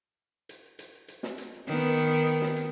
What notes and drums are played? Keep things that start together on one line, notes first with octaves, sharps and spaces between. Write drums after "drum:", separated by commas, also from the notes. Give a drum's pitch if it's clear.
drum: hi-hat
drum: hi-hat
drum: hi-hat
drum: snare
drum: hi-hat
D#3 B3, drum: hi-hat
drum: hi-hat
drum: hi-hat
drum: snare
drum: hi-hat